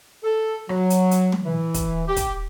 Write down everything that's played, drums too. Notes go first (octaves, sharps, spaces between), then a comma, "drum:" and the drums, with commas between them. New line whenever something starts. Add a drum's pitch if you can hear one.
A4
F#3, drum: rim click
drum: hi-hat
drum: hi-hat
drum: tom
E3
drum: kick, hi-hat
G4
drum: kick, hi-hat